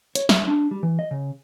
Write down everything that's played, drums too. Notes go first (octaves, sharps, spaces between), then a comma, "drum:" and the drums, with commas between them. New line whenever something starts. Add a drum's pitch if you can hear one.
C#5, drum: hi-hat
E5, drum: snare
D4
G3
E3
D#5
C#3